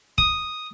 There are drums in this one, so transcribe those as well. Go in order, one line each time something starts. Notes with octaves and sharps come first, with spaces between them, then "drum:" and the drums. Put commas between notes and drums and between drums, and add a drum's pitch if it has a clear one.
D#6, drum: kick